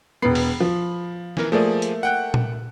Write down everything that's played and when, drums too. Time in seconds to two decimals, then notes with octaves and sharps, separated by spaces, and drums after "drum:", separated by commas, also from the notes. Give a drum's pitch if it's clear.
0.22 E1 B3 B5 C7
0.35 drum: open hi-hat
0.60 F3
1.37 E3 A#4, drum: snare
1.52 F3 A3 A#3 G#4 D5
1.82 drum: hi-hat
2.03 F#5 G5 F#6
2.34 drum: tom A#2